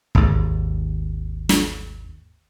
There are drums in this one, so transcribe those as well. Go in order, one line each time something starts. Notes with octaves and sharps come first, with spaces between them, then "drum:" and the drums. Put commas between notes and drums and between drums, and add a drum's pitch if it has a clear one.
G#1 D#2, drum: kick
drum: snare